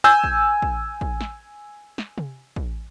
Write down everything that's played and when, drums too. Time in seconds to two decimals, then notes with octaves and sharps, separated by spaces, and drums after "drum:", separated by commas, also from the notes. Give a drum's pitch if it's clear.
0.04 G#5 E6 G6
0.24 drum: kick
0.62 drum: kick
1.01 drum: kick
1.21 drum: snare
1.98 drum: snare
2.18 drum: tom C3
2.56 drum: kick